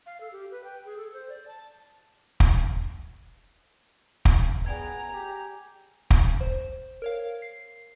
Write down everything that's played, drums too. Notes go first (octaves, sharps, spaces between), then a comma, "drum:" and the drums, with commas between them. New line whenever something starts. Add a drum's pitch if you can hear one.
F5
A4
G4
B4
G5
G#4
A4
C5
D5
A5
drum: kick
drum: kick
B3 G#4 D5 G5 G#5 A#5 G#6
G4
drum: kick
C5
A#4 C#5 F5
C7